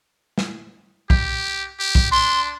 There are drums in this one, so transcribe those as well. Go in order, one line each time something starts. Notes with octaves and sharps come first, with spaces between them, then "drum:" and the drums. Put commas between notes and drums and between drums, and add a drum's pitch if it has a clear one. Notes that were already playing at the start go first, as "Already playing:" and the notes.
drum: snare
G4, drum: kick
G4
drum: kick
D4 C6